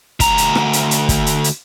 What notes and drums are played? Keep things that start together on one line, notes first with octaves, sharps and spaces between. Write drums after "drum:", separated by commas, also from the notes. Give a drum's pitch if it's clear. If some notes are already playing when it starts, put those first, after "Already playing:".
D2 A#5, drum: kick, hi-hat
drum: hi-hat
drum: rim click
drum: hi-hat
drum: hi-hat
drum: kick, hi-hat
drum: hi-hat
drum: hi-hat